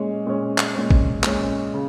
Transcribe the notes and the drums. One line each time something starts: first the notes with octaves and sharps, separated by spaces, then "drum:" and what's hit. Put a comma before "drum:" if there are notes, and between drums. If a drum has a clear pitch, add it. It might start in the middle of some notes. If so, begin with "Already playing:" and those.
Already playing: A#2 G#3 C#4
A#2 G#3 C#4
drum: clap
A#2 G#3 C#4
drum: kick
A#2 G#3 C#4, drum: clap
C#3